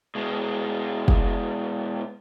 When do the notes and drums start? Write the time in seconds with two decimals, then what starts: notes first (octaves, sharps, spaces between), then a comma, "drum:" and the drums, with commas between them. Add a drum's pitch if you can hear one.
0.15 B2 G#3
1.08 drum: kick